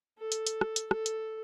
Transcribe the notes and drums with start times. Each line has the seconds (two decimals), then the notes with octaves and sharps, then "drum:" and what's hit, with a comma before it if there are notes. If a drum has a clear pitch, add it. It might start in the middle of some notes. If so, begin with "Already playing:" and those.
0.18 A4
0.32 drum: hi-hat
0.47 drum: hi-hat
0.61 drum: rim click
0.76 drum: hi-hat
0.91 A4, drum: rim click
1.06 drum: hi-hat